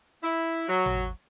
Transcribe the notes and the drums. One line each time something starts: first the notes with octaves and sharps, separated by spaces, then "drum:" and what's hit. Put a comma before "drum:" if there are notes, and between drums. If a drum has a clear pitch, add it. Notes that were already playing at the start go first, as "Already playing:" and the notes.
E4
F#3, drum: hi-hat
drum: tom G#1